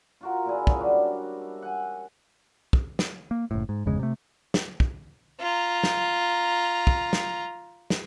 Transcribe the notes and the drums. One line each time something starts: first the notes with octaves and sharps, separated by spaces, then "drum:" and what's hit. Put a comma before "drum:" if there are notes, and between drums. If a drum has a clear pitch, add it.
F4 F#4 A#4
A#2 E4 G#4
F3 G#3 C#4 G#4, drum: kick
G3 D4 F#4
E5
F#5 G#5
drum: kick
drum: snare
A#3
F#1 A2
G#2
G1 E2 C#3 G#3
C3 A3
drum: snare
drum: kick
F4 A#5
drum: snare
drum: kick
drum: snare
drum: snare